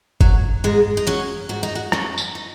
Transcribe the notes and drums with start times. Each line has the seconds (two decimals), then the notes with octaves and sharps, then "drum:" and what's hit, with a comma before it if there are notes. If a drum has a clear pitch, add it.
0.21 F#3, drum: kick
0.64 G#2 G#3
0.97 D#4
1.07 F#3 C#4
1.49 G#2 F#4
1.63 D#4
1.75 F#4
1.92 F#3 C#4, drum: rim click
2.18 drum: tambourine
2.35 D#4